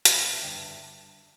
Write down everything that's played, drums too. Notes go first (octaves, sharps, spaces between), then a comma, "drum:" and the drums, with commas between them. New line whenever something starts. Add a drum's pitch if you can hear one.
G1 G2 G3 B3 E5 A5, drum: hi-hat
G5 B5
E5 A5
G1 G2 D3 D5 G5
E5 A5
E5 A5